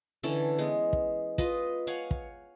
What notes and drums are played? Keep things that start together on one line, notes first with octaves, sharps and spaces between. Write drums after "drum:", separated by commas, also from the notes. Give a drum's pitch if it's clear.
D3 E3 C#4 A4
G#3 B3
drum: kick
F4 B4 D#5, drum: kick
C#5 F5 F#5 G#5
drum: kick